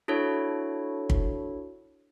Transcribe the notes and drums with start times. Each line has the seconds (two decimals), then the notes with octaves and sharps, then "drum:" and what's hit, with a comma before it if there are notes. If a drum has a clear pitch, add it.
0.08 D4 E4 F#4 A4 C#5
1.10 drum: kick